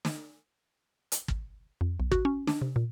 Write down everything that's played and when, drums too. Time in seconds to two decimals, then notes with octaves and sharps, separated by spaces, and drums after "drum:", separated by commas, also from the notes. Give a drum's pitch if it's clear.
0.05 drum: snare
1.12 drum: hi-hat
1.28 drum: kick
1.81 F2
2.00 B1
2.12 F#4, drum: kick
2.25 C#4
2.47 D4, drum: snare
2.62 C3
2.76 A#2